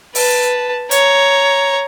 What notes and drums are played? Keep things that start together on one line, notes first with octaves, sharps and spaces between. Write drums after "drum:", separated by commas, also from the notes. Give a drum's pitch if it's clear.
B4 A5, drum: open hi-hat
C#5 A#5, drum: hi-hat